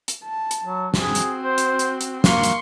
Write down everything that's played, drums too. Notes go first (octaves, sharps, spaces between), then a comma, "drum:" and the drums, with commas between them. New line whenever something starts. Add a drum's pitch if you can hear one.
drum: hi-hat
A5
drum: hi-hat
F#3
C4 F#4 G#4, drum: snare
drum: hi-hat
C5
drum: hi-hat
drum: hi-hat
drum: hi-hat
A#3 C6 C#6, drum: snare
drum: hi-hat